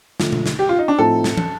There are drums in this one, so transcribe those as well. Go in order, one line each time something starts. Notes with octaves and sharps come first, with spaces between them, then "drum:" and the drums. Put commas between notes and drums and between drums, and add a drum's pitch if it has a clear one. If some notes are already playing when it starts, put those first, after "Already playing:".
D3 F3 A3, drum: snare
drum: tom B2
drum: snare
G4
F4
D#4
D4
A2 F3 C4 D#4 A4
drum: snare
drum: tom